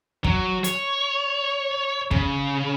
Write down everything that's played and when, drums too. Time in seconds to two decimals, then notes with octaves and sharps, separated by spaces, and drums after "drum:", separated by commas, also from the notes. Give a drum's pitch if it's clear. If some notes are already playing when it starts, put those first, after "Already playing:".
0.24 F#3, drum: kick
0.64 C#5, drum: hi-hat
2.11 C#3, drum: kick